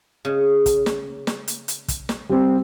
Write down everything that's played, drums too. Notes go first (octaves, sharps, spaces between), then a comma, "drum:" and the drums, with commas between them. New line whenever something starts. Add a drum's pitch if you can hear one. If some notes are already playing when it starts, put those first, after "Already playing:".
C#3
drum: kick, hi-hat
drum: snare
drum: snare
drum: hi-hat
drum: hi-hat
drum: kick, hi-hat
drum: snare
G3 C4